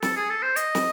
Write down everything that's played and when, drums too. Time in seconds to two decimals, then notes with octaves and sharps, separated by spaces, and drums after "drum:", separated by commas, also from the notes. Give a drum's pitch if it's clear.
0.02 A4, drum: snare
0.17 G#4
0.30 A4
0.43 C5
0.56 D#5, drum: hi-hat
0.75 drum: snare